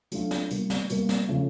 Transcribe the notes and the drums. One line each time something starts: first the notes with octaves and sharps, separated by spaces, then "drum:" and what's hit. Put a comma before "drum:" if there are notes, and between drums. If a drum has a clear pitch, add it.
F#3 A3 D4 F4, drum: hi-hat
drum: snare
B2 G3 A#3, drum: hi-hat
drum: snare
B2 G3 A#3, drum: hi-hat
drum: snare
C#3 F3 A3